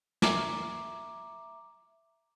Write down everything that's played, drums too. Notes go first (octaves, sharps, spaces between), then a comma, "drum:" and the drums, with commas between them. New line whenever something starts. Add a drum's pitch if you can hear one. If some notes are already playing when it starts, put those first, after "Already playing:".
E5 A#5 D6, drum: snare